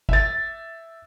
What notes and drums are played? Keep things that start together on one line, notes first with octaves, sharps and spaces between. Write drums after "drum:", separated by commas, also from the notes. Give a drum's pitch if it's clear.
E5 A6, drum: kick